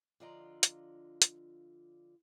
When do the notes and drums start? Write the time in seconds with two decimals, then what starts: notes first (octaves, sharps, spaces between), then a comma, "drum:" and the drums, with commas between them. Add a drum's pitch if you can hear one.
0.20 D3 F3 F4 D5 D#5 A#5
0.63 drum: hi-hat
1.22 drum: hi-hat